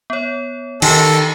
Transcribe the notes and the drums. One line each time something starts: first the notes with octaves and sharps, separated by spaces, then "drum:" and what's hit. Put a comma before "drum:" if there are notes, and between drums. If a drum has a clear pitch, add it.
B3 C#5
D#3 D#4 G4 A4 G5, drum: cymbal